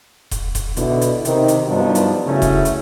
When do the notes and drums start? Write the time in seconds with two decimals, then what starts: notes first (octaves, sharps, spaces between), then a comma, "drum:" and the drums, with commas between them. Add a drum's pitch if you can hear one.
0.31 drum: kick D#1, hi-hat
0.55 drum: kick D#1, hi-hat
0.77 B2 D3 E4, drum: hi-hat
1.01 drum: hi-hat
1.25 C3 D#3, drum: hi-hat
1.48 drum: hi-hat
1.67 G2 F3 F#3 B3 D4 D#4
1.95 drum: hi-hat
2.26 C#3 A3 C#4 E4 F#4 G#4
2.42 drum: kick D#1, hi-hat
2.65 drum: hi-hat